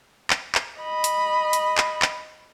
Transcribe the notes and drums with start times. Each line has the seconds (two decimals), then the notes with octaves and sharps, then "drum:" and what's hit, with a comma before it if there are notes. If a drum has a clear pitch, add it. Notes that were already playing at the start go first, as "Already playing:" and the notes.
0.30 drum: clap
0.55 drum: clap
0.79 D#5 B5
1.04 drum: hi-hat
1.53 drum: hi-hat
1.78 drum: clap
2.02 drum: clap